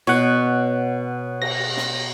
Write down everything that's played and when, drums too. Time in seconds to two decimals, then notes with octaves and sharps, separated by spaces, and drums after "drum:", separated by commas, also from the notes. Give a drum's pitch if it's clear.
0.07 B2 C#5 F#5
1.42 A#6, drum: cymbal
1.77 drum: snare